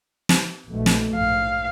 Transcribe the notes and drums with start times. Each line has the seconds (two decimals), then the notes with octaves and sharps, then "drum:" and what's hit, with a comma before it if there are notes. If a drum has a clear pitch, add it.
0.29 drum: snare
0.69 A#1 B2 A3
0.86 drum: snare
1.15 A#1 G#2 F5